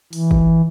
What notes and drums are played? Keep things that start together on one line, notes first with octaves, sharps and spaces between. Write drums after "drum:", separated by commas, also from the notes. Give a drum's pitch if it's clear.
E3, drum: open hi-hat
drum: kick G#1